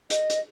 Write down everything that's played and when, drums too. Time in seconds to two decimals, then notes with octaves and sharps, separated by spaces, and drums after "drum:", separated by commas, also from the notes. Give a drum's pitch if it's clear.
0.10 D#5, drum: hi-hat
0.30 drum: hi-hat